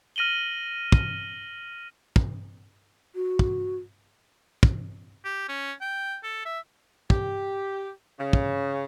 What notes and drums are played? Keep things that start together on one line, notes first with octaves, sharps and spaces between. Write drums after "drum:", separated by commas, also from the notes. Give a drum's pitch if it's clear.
F6 A#6 D#7 F#7 G7
drum: kick
drum: kick
F#4
drum: kick
drum: kick
G4
C#4
G5
A4
E5
G4, drum: kick
C#3
drum: kick